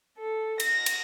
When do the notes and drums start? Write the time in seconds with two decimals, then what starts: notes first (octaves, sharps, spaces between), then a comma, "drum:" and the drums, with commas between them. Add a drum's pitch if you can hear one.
0.18 A4
0.60 A#6, drum: cymbal
0.86 drum: cymbal